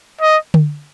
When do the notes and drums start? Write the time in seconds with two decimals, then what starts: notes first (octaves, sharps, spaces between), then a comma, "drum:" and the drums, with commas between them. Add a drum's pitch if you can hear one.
0.21 D#5
0.54 drum: tom D3